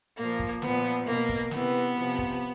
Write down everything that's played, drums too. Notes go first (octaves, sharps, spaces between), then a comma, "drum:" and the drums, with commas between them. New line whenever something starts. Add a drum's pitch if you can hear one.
A#2 F3 A#3, drum: hi-hat
drum: kick
A#2 F3 B3, drum: snare
drum: hi-hat
B2 A#3, drum: hi-hat
drum: kick, hi-hat
C3 E3 B3, drum: snare
drum: hi-hat
C3 F3, drum: hi-hat
drum: kick, hi-hat